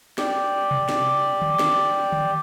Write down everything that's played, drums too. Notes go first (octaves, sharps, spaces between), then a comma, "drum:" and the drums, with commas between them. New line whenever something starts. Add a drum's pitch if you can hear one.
G4 D5, drum: snare
drum: tom B2
drum: snare
drum: tom D3
drum: snare
drum: tom D3